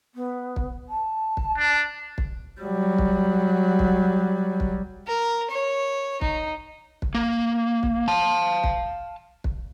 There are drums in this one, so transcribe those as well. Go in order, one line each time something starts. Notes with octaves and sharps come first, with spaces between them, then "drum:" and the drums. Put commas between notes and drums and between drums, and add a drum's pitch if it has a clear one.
B3
drum: kick
A5
drum: kick
D4
drum: kick
F#3 G3
drum: kick
drum: kick
drum: kick
A#4
C#5
D#4, drum: kick
drum: kick
A#3
drum: kick
F5 A5
drum: kick
drum: kick